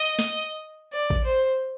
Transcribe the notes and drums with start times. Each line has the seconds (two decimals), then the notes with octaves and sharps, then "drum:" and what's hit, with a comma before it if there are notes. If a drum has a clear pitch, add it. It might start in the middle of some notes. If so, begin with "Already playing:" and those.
Already playing: D#5
0.19 drum: snare
0.93 D5
1.10 drum: kick A1
1.25 C5